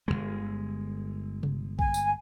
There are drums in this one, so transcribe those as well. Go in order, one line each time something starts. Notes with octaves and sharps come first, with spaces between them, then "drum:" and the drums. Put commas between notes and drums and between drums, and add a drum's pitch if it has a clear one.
G1 E2 G#3
drum: tom C3
G#5, drum: kick A1
drum: tambourine